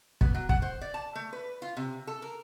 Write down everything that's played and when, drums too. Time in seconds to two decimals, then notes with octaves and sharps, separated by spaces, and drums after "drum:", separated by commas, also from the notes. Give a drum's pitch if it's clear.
0.21 B3, drum: kick
0.35 F#3
0.49 F#5, drum: kick
0.62 C5
0.81 D5
0.94 A5
1.15 A3
1.33 B4
1.62 F4
1.77 C3
2.07 A4
2.22 A#4